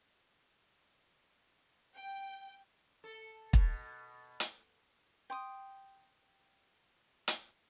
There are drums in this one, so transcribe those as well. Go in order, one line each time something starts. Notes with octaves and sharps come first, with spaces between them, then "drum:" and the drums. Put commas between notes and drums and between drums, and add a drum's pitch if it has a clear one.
G5
A4
B2, drum: kick
drum: hi-hat
G5 C6 D#6
drum: hi-hat